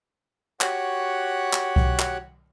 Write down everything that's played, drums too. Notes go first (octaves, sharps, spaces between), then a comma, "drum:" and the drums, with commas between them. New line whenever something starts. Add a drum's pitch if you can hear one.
F#4 G4 C#5 F#5 F#6, drum: clap
drum: clap
drum: kick C2
drum: clap